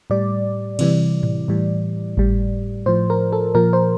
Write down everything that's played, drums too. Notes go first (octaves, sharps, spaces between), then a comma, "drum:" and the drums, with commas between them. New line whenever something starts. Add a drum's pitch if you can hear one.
A2 G3 D5
C3 E3 G3, drum: cymbal
drum: tom A2
A2 E3 G3
A2 G3, drum: kick G#1
A2 F3 C5
A#4
A4
A#2 F3 A#4
C5